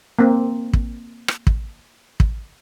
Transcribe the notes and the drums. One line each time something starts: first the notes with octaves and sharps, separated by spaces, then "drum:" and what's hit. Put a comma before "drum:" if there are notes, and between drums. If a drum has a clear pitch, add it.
A#3 C4
drum: kick
drum: rim click
drum: kick
drum: kick